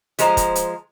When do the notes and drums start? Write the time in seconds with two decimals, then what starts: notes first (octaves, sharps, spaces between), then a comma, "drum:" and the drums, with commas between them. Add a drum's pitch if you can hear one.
0.19 F3 G#3 C5 A#5, drum: hi-hat
0.37 drum: kick, hi-hat
0.55 drum: hi-hat